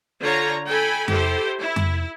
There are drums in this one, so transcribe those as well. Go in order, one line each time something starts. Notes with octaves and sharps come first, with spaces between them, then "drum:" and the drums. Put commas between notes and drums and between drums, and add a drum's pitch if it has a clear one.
D3 F4 C#5 A#5
A4 G5 G#5 B5
E4 G4 A4 C5, drum: tom F2
E4
drum: tom F2